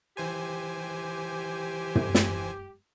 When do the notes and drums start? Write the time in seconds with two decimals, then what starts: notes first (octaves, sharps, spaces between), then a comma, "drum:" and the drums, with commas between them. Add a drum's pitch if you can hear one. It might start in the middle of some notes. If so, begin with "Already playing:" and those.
0.17 E3 G4 C5 G#5
1.95 drum: tom
2.15 drum: snare